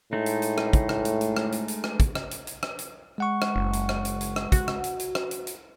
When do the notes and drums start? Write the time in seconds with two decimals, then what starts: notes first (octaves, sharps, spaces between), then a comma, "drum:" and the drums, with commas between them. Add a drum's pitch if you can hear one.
0.13 A2 G#3 A3 D#4
0.26 drum: hi-hat
0.42 drum: hi-hat
0.58 drum: rim click
0.73 drum: kick, hi-hat
0.89 drum: rim click
1.05 drum: hi-hat
1.21 drum: hi-hat
1.37 drum: rim click
1.52 drum: hi-hat
1.68 drum: hi-hat
1.84 drum: rim click
2.00 drum: kick, hi-hat
2.15 drum: rim click
2.31 drum: hi-hat
2.47 drum: hi-hat
2.63 drum: rim click
2.79 drum: hi-hat
3.18 G#3 F#5 C#6
3.42 drum: rim click
3.56 F#1
3.73 drum: hi-hat
3.89 drum: rim click
4.05 drum: hi-hat
4.21 drum: hi-hat
4.36 drum: rim click
4.52 F#4, drum: kick, hi-hat
4.68 drum: rim click
4.84 drum: hi-hat
4.99 drum: hi-hat
5.15 drum: rim click
5.31 drum: hi-hat
5.47 drum: hi-hat